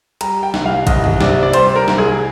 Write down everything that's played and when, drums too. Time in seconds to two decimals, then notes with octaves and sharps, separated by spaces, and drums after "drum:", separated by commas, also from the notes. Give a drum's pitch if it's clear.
0.21 G3 A#5, drum: cymbal
0.43 G5
0.54 C2, drum: snare
0.66 F5
0.87 C2 D#5, drum: kick A1, cymbal
1.04 drum: tom G2
1.21 C3 D5, drum: snare
1.43 D5
1.53 G3 C5, drum: cymbal
1.76 A#4
1.88 C2, drum: snare
1.98 G#4